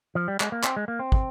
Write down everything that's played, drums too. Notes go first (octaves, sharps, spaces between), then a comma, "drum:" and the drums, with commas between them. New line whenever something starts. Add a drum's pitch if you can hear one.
F3
G3
G#3, drum: clap
A#3
C4, drum: clap
G#3
A#3
C4
drum: kick